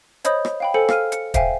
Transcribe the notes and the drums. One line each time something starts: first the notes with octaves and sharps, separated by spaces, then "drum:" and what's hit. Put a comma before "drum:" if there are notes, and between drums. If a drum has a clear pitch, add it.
C5 C#5 D#5 B5 D#6 G6, drum: hi-hat
drum: rim click
F5 G5 B5
A4 C5 G#5 E6 C#7 F#7
F5 F6 D#7, drum: rim click
C#7, drum: hi-hat
C5 E5 F5 G5 G#5, drum: kick, hi-hat